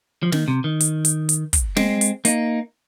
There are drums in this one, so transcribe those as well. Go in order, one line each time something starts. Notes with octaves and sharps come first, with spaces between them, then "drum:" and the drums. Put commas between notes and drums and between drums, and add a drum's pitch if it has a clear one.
F3
D#3, drum: snare
C3
D#3
drum: hi-hat
drum: hi-hat
drum: hi-hat
drum: kick, hi-hat
G#3 C4, drum: snare
drum: hi-hat
A#3 D#4, drum: hi-hat